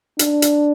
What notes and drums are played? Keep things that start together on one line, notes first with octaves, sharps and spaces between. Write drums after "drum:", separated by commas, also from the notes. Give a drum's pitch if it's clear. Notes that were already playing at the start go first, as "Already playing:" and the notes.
D4, drum: hi-hat
drum: hi-hat